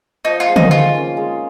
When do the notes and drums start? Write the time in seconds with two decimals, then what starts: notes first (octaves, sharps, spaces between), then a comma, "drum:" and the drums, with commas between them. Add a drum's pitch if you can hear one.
0.25 F3 D#4
0.40 F4
0.48 G#3 C4
0.56 D#4, drum: tom D3
0.71 D#3 F4
0.94 A#3 C#4
1.17 G#3